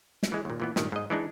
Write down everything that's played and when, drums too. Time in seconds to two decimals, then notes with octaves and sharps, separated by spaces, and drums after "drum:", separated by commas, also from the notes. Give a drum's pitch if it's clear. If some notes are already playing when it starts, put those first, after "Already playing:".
0.23 drum: snare
0.32 E3 G#3
0.45 D#2 A#2
0.60 A#2 E3 B3
0.76 G2 A#2 D#3, drum: snare
0.92 G#2 D#5
1.10 E3 G#3 D4 D#4